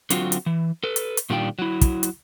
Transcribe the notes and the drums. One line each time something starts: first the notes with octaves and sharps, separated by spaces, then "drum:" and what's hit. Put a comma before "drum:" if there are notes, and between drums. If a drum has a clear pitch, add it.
D3 F#3 C4 F4 F#4, drum: hi-hat
drum: hi-hat
E3
A4 B4
drum: hi-hat
drum: hi-hat
A#2 D#3 G3 D4 F4 G5
F#3 E4
drum: kick, hi-hat
drum: hi-hat